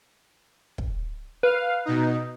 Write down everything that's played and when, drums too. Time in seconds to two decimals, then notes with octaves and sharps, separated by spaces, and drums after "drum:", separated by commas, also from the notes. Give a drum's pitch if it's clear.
0.78 drum: kick
1.43 B4 F5
1.85 B2 D#4